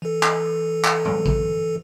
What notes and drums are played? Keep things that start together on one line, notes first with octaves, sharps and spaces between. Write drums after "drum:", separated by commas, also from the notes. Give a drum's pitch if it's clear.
E3 A4
drum: clap
drum: clap
drum: tom G#2
drum: kick A1